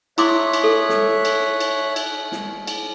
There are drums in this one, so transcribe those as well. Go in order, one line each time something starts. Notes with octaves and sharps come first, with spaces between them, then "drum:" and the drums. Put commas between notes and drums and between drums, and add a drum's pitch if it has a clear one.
E4 C#5 E5 C6 D6 F#6, drum: cymbal
drum: cymbal
A4
drum: snare
drum: cymbal
drum: cymbal
drum: cymbal
drum: snare
drum: cymbal